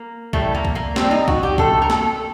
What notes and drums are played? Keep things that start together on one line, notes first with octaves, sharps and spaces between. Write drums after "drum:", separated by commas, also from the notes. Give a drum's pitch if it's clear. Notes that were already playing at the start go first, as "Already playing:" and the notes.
Already playing: A#3
A2 G3 A3, drum: kick C2
A#3
drum: kick C2
A#3
A2 G3 C4, drum: snare
D#4
F#4, drum: kick C2
G4
D3 A3 A4, drum: kick C2
A#4
A4, drum: snare